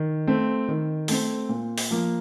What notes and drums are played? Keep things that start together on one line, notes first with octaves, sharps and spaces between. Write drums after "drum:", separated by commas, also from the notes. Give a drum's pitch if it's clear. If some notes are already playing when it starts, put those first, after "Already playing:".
Already playing: D#3
A3 C4
D#3
A3 C4, drum: open hi-hat
A#2
drum: open hi-hat
F3 A#3